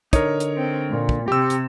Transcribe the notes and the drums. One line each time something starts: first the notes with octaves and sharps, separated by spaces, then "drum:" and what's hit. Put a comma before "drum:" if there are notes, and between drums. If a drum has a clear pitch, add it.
D3 D#4 A#4 C#5, drum: kick, hi-hat
drum: hi-hat
C4
A#2
drum: kick
C3 G4 E6
drum: hi-hat